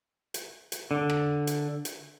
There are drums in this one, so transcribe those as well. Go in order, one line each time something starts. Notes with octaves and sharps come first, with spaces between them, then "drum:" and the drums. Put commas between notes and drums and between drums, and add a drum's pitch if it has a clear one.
drum: hi-hat
drum: hi-hat
D3
drum: rim click
drum: hi-hat
drum: hi-hat